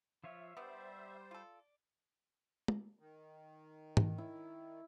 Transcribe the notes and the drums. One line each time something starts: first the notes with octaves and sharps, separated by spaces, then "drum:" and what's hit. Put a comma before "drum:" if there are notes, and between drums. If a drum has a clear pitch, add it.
F3 F4 C#5 E5
G3 B3 D4 C5 D5
F4 A4
drum: tom
D#3
drum: tom
E4